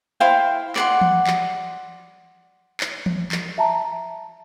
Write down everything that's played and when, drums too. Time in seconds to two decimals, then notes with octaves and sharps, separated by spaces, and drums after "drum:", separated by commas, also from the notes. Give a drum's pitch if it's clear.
0.20 E4 C5 F5 G5
0.76 D5 F#5 C6, drum: clap
1.01 drum: tom E3
1.27 drum: clap
2.80 drum: clap
3.06 drum: tom E3
3.32 drum: clap
3.58 E5 A5 A#5